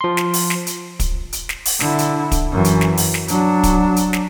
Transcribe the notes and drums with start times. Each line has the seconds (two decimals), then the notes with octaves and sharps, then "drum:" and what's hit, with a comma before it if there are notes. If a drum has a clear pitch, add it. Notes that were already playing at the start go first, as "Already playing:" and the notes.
0.01 F3 C6
0.17 drum: snare
0.34 drum: open hi-hat
0.50 drum: snare
0.67 drum: hi-hat
1.00 drum: kick, hi-hat
1.33 drum: hi-hat
1.49 drum: snare
1.66 drum: open hi-hat
1.80 D3 E4, drum: snare
1.98 drum: hi-hat
2.31 drum: kick, hi-hat
2.52 F#2 E3
2.64 drum: hi-hat
2.81 drum: snare
2.97 drum: open hi-hat
3.14 drum: snare
3.28 F#3 D4, drum: hi-hat
3.63 drum: kick, hi-hat
3.96 drum: hi-hat
4.13 drum: snare